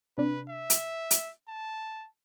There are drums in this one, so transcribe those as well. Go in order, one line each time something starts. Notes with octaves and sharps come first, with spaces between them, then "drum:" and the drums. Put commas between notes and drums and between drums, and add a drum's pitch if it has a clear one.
C3 D4 B4
E5
drum: hi-hat
drum: hi-hat
A5